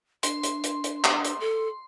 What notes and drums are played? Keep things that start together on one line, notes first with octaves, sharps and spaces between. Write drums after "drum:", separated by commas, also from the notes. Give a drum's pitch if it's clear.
D4 C6, drum: hi-hat
drum: hi-hat
drum: hi-hat
drum: hi-hat
drum: clap
drum: hi-hat
A4